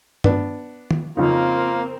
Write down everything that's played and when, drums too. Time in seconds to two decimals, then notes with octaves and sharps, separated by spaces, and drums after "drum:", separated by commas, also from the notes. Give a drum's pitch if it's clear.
0.24 B3 D4, drum: tom G2
0.91 drum: tom D#3
1.17 F2 C#3 A#3 C4 D#4 F4 A#4